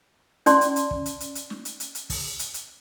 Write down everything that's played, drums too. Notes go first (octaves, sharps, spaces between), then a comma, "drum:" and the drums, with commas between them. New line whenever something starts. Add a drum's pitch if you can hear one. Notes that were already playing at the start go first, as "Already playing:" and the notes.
C#4 D5 A5 C6, drum: hi-hat
drum: hi-hat
drum: hi-hat
drum: kick
drum: hi-hat
drum: hi-hat
drum: hi-hat
drum: snare
drum: hi-hat
drum: hi-hat
drum: hi-hat
drum: kick, open hi-hat
drum: hi-hat
drum: hi-hat